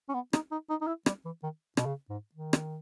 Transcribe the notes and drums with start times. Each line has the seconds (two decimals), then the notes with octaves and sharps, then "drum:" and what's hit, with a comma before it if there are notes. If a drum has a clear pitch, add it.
0.09 C#4
0.14 B3
0.33 D#4, drum: rim click
0.51 D#4
0.70 D#4
0.81 D#4
0.87 E4
1.06 G3, drum: rim click
1.25 E3
1.43 D#3
1.77 B2, drum: rim click
1.86 C#3
2.10 G#2
2.35 D#3
2.53 drum: rim click